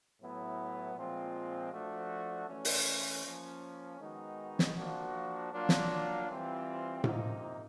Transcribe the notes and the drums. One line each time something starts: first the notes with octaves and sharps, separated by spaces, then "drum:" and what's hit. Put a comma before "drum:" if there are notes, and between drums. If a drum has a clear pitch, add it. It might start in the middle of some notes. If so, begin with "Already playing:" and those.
A2 F#3 B3 E4
A#2 F3 G#3 C4 F4
F3 A3 D4 F#4
E3 A3 C#4
drum: open hi-hat
F3 A#3 C#4
D#3 G#3 B3 D#4 F#4
drum: snare
F3 A#3 D4 F#4
F#3 A#3 D4 F4
drum: snare
E3 G3 C4 F4
C3 F3 A#3 D#4, drum: tom A2